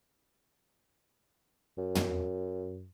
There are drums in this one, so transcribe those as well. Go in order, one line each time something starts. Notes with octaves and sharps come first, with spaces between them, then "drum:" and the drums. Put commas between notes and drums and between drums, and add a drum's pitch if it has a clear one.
F#2
drum: tom